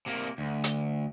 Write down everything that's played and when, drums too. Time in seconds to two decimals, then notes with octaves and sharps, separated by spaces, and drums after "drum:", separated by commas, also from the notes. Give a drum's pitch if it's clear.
0.06 C3 A#3
0.38 D2
0.64 drum: hi-hat